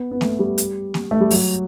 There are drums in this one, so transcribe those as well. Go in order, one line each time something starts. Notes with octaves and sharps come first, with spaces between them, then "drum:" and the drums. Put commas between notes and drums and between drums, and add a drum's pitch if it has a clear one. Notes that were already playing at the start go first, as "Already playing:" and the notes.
Already playing: B3
B3
A3, drum: snare A#3
G3
drum: hi-hat
drum: snare A#3
A3
G3
F#3, drum: open hi-hat